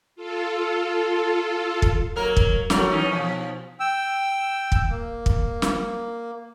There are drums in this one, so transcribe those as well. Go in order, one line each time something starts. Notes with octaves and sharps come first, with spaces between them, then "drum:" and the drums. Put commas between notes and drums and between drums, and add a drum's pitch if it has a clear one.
F4 A4
drum: kick
F#3 A#3 A#4
drum: kick
F#3 A3 A#4, drum: snare
E3 C#4 D#4
B2 F3
G5 E6
drum: kick
A#3
drum: kick
drum: snare